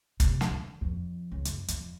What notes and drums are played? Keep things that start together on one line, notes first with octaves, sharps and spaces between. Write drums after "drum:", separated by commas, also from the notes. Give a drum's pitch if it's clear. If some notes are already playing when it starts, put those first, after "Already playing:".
C3, drum: kick, hi-hat
drum: snare
D3
F2
C#2
F#2, drum: hi-hat
F2, drum: hi-hat